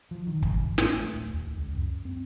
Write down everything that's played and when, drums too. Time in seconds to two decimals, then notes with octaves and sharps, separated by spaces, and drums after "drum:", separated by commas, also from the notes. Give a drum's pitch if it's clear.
0.11 F3
0.27 D#3
0.42 drum: kick
0.54 A1
0.78 drum: snare
0.93 A3
1.13 D1
1.34 D#2
1.57 C#2
1.76 F#2
2.05 C4